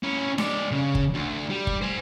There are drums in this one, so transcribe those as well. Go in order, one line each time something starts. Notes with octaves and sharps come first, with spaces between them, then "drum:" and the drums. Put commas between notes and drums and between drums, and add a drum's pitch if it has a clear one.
C#4 E4
G#3 D5, drum: snare D4
C#3
drum: kick G1
D2
G3
drum: kick G1
C5 G#5